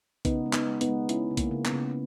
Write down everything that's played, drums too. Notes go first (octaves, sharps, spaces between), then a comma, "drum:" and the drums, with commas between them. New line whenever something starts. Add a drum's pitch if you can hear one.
C#3 B3 D#4, drum: kick A#1, hi-hat
G#3
B3 D#4, drum: clap
G#3
B3 D#4, drum: hi-hat
G#3
G#3 C#4 E4, drum: hi-hat
C#3
A#3, drum: kick A#1, hi-hat
C#3
B3, drum: clap
C#3